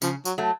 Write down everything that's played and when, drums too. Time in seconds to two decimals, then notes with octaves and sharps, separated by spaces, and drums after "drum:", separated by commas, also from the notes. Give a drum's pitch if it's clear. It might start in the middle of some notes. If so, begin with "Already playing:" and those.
0.02 C#3 F3, drum: tambourine
0.25 F#3, drum: tambourine
0.38 F#3 A3